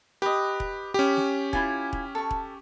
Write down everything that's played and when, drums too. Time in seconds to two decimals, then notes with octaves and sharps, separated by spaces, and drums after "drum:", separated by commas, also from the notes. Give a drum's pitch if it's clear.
0.22 G4 B4 D#5
0.60 drum: kick E1
0.94 C#4 G4
1.17 drum: snare
1.53 E4 F4 G#5, drum: kick E1
1.93 drum: kick E1
2.15 A4 C#6
2.31 drum: kick E1